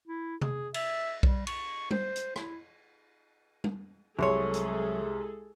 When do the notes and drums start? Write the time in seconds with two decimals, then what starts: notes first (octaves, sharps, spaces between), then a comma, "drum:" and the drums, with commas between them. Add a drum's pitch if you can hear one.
0.07 E4
0.41 G#4, drum: tom C3
0.74 E5, drum: cymbal
1.23 G3, drum: kick B1
1.47 C#6, drum: cymbal
1.91 C5, drum: tom
2.16 drum: hi-hat
2.36 E4, drum: rim click
3.64 drum: tom
4.19 C2 C3 F#3 G#3 G#4 A4 C#5 C6
4.54 drum: hi-hat